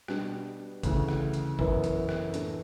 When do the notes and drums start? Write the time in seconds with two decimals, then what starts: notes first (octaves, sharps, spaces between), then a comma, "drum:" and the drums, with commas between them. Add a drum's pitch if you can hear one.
0.08 B2 G3 B3 D4 F#4, drum: rim click
0.83 D2 C#3 E3, drum: kick, hi-hat
1.08 drum: rim click
1.34 drum: hi-hat
1.59 F#2 E3 B3, drum: kick
1.84 drum: hi-hat
2.09 drum: rim click
2.34 A2 E3 B3 D4 A4, drum: hi-hat